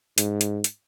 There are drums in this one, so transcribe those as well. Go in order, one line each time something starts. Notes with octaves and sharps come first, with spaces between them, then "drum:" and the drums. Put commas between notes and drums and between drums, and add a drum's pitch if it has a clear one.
G#2, drum: hi-hat
drum: hi-hat
drum: hi-hat